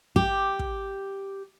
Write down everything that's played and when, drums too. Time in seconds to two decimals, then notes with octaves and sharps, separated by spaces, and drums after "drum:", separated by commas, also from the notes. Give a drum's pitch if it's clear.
0.16 G4, drum: kick
0.59 drum: kick